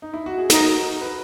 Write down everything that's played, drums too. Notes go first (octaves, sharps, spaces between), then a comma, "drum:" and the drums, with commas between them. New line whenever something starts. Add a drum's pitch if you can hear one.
D#4
E4
F#4
G#4
D#4 F#4 A#4, drum: snare
B4